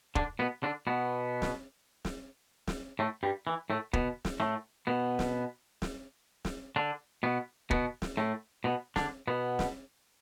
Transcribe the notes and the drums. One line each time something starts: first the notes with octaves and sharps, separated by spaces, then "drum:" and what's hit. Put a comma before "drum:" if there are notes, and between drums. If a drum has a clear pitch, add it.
D3 D4, drum: kick
B2 B3
D3 D4
B2 B3
drum: snare
drum: snare
drum: snare
A2 A3
G2 G3
E3
A2 A3
B2 B3, drum: kick
drum: snare
A2 A3
B2 B3
drum: snare
drum: snare
drum: snare
D3 D4
B2 B3
B2 B3, drum: kick
drum: snare
A2 A3
B2 B3
D3 D4, drum: snare
B2 B3
drum: snare